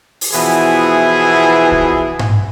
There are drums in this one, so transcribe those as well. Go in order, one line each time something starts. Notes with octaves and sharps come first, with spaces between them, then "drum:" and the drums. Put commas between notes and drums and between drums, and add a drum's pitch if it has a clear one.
drum: open hi-hat
B2 E3 F3 B3 E4 G#4, drum: hi-hat
drum: kick
drum: tom G#2